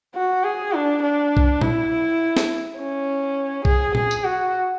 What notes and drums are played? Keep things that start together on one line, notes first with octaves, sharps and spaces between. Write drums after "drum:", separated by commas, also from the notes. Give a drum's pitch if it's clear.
F#4
G#4
D4
D4
drum: kick B1
E4, drum: tom A#2
drum: snare
C#4
G#4, drum: kick B1
G#4, drum: tom A#2
drum: tambourine
F#4